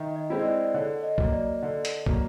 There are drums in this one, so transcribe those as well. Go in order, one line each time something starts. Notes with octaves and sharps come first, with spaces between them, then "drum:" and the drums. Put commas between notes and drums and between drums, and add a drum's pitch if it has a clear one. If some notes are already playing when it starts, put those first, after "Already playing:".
Already playing: D#3 D#5 E5
D#5
G#3 C4 E4
D#5
D5
D5
D3 C#5
D#5
F#3 A#3, drum: kick
D5
D3
drum: hi-hat
F#3 A#3, drum: kick